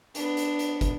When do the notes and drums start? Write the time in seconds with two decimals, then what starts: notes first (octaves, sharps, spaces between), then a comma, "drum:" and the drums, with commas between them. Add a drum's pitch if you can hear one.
0.15 B3 D4, drum: hi-hat
0.37 drum: hi-hat
0.59 drum: hi-hat
0.81 drum: kick, hi-hat